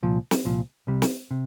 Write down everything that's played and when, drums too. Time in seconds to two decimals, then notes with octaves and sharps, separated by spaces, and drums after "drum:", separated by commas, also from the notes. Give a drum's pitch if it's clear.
0.03 C2 A#2 F3
0.31 drum: snare
0.45 C2 A#2 F3
0.87 C2 C3 G3
1.02 drum: snare
1.31 C3